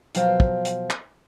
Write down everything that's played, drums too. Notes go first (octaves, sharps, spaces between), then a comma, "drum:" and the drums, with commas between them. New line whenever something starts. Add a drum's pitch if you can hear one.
B2 F3 F#3 C5 F5 G5, drum: hi-hat
drum: kick
drum: hi-hat
drum: clap